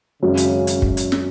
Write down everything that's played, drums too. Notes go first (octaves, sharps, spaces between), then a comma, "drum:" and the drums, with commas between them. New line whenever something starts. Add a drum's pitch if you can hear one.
G#1 F#2 C#3 F#3 C#4 F#4
drum: hi-hat
drum: hi-hat
drum: kick
drum: hi-hat
drum: snare